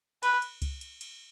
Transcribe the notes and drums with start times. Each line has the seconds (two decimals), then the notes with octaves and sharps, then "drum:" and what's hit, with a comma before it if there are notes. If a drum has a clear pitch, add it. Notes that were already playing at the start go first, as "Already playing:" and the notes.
0.23 B4, drum: cymbal
0.42 drum: cymbal
0.62 drum: kick C#2, cymbal
0.81 drum: cymbal
1.01 drum: cymbal